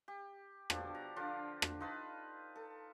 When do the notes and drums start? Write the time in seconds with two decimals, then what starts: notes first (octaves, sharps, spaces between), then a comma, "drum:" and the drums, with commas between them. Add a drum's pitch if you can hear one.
0.08 G4
0.70 B2 F3 D4 G4, drum: rim click
0.95 A#5
1.16 D3 F3 D4 F4
1.62 drum: rim click
1.80 D#4 F4 B4 A5
2.56 A4